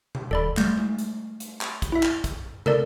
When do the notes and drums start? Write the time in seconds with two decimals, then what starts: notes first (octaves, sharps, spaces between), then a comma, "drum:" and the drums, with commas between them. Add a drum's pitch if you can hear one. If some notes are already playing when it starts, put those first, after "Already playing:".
0.15 drum: tom B2
0.31 D#1 A4 D5 B5
0.57 G3 A3 G6, drum: clap
0.78 drum: tom G#3
0.98 drum: hi-hat
1.40 drum: hi-hat
1.61 drum: clap
1.82 drum: kick, hi-hat
1.92 E4 E5
2.03 drum: clap
2.24 drum: kick, hi-hat
2.66 A4 A#4 D5, drum: tom